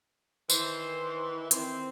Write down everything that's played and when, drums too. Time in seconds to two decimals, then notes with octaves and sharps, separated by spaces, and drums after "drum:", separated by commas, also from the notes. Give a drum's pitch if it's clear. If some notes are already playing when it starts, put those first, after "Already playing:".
0.50 D#3 E3 C5, drum: tambourine
1.51 D#3 E3 C4 C5, drum: hi-hat